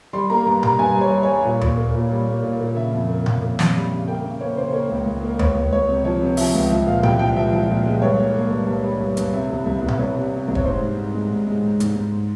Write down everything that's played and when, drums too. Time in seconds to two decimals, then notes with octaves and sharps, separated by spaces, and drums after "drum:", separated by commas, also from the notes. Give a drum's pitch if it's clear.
0.13 G3 C6
0.30 A#3 A#5
0.46 G2 A#5
0.63 G3 A#5, drum: tom B2
0.79 G2 G#5
0.96 G3
1.01 C#5
1.12 G3
1.23 C#5
1.28 G3
1.45 A#2
1.61 A#2, drum: tom D#2
1.77 A#3
1.95 A#2
2.11 G3
2.27 A#3
2.43 A#2
2.60 A#2
2.76 C#3 E5
2.93 F2
3.09 A#3
3.26 F2, drum: tom B2
3.41 A#3
3.59 F2, drum: snare
3.75 G3
3.92 C#3
4.07 A#3 G5
4.24 C#3
4.41 A#3 C#5
4.57 C#3 C5
4.73 A#3 C#5
4.90 C#2
5.06 C#2
5.23 A#3
5.39 C#2 C#5, drum: tom D#2
5.55 C#2
5.72 C#2 C#5
5.88 C3
6.05 F3 C#5
6.21 C3
6.37 F3 E5, drum: open hi-hat
6.54 C#2
6.70 F3 E5
6.86 A#2 F5
7.03 C2 G5, drum: tom B2
7.19 F3 G5
7.36 F3 E5
7.52 F3
7.69 A#2
7.86 G#3
8.01 G2 C#5
8.18 A#3
8.34 A#3
8.51 G2
8.67 G2
8.84 G3
9.00 G2
9.17 G2, drum: hi-hat
9.33 C3 E5
9.50 C2
9.66 C2 E5
9.82 C2
9.88 E5, drum: tom B2
9.99 C2 C#5
10.15 C3
10.32 C3
10.48 C2
10.55 C#5, drum: kick
10.65 G#2 C5
10.81 G#2
10.97 G#2
11.14 G#3
11.31 G#2
11.47 G#3
11.63 G#2
11.80 G#2, drum: hi-hat
11.96 G#2